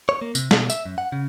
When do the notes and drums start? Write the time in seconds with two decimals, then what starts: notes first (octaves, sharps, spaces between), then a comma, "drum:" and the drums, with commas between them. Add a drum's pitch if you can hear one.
0.09 C#5
0.22 A#3
0.35 C3, drum: tambourine
0.51 B2, drum: snare
0.70 E5, drum: tambourine
0.86 F#2
0.98 F#5
1.12 C#3